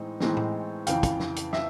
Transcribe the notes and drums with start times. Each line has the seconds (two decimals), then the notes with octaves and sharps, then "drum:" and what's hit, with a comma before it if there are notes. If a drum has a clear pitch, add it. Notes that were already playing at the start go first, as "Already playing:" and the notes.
Already playing: A2 E3 G#3 C4 D#4
0.20 A2 E3 G#3 C4 D#4, drum: snare
0.37 drum: tom A2
0.87 F2 C#3 E3 F5 G5, drum: hi-hat
1.03 drum: kick, hi-hat
1.20 drum: snare
1.36 drum: hi-hat
1.53 E5, drum: snare